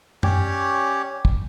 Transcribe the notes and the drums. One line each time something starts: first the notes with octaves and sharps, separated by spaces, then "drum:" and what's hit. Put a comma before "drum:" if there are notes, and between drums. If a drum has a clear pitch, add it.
C#4 G4 C#5 D5, drum: tom F#2
drum: kick